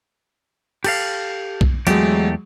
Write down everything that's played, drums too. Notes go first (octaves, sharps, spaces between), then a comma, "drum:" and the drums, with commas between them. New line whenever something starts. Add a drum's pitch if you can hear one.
G4 A4 F5, drum: cymbal
drum: kick
E2 F#3 G#3 A3 G4, drum: hi-hat